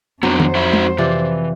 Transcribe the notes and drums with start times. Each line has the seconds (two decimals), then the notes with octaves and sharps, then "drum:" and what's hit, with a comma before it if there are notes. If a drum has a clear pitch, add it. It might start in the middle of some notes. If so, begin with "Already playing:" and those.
0.23 F2 F#3 B3 C4 D4 C5
0.40 drum: tom D#3
0.55 D#4 F#4 E5
0.73 drum: tom
0.98 C3 E3 F3 D5